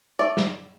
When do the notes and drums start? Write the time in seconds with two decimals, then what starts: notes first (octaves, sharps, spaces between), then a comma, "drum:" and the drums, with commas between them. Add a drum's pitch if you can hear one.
0.19 A3 D5
0.37 drum: snare